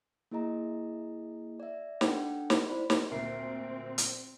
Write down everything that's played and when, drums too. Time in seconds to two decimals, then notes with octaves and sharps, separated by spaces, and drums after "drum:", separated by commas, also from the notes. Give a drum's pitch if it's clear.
0.31 A#3 E4 G#4 D#5 A#5
1.60 D5 E5
2.01 D4 A4 F#5 G5, drum: snare
2.50 drum: snare
2.69 C4 E4 C5 D5 B5
2.90 drum: snare
3.11 D2 A#2 C4 A#4 E5 C7
3.98 drum: hi-hat